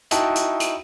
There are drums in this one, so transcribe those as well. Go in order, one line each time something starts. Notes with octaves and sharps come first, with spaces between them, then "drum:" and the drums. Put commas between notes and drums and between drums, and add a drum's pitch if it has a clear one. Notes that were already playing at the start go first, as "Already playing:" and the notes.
D#4 E4 F#4 G5 A5, drum: hi-hat
drum: hi-hat
drum: hi-hat